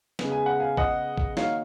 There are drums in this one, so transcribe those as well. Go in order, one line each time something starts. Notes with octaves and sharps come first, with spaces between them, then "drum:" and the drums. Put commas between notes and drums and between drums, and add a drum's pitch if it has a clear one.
C#3 G#3 B3, drum: snare
G#5
F#5
F5 G#5
D#5 F#5, drum: kick B1
drum: kick B1
D#3 A#3 D#4 F#4 C#5 F5, drum: snare